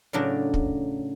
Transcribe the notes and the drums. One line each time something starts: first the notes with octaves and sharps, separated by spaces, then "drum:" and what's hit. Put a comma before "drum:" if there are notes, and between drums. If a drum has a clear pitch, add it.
A2 C#3 F#3 D4
drum: kick